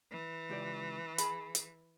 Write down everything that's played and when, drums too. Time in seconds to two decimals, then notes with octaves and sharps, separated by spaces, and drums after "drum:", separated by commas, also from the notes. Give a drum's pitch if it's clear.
0.11 E3
0.50 C#2 G4 D5
1.18 G#4 B5, drum: hi-hat
1.55 drum: hi-hat